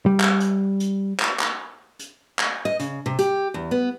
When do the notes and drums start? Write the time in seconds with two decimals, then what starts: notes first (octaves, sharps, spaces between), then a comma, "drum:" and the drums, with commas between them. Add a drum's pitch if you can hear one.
0.06 G3
0.20 drum: clap
0.40 drum: hi-hat
0.80 drum: hi-hat
1.20 drum: clap
1.40 drum: clap
1.99 drum: hi-hat
2.39 drum: clap
2.65 D#5
2.80 C#3, drum: hi-hat
3.06 C3
3.19 G4, drum: hi-hat
3.54 E2
3.71 B3